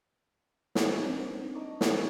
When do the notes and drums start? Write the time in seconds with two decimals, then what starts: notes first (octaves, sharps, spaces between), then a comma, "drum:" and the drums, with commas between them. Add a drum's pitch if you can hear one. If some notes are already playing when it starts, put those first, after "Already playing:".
0.75 A#3 D#4 B4 D5 D#5, drum: snare
1.06 C4 D4 D#4 A#4 C5
1.39 D4
1.54 D5 D#5 A5 A#5 C#6 D6
1.81 F4 A#4, drum: snare